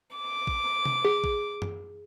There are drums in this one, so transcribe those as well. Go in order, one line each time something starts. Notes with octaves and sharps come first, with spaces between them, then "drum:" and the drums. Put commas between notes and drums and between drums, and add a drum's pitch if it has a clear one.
D6
drum: kick A#1
drum: tom C3
G#4
drum: kick A#1
drum: tom F#2